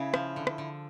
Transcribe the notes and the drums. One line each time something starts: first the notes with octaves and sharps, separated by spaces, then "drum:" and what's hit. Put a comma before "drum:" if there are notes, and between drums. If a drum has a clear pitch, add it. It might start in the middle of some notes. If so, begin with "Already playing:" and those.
Already playing: C#3 C#4 E4
F3, drum: rim click
D3
drum: rim click
D3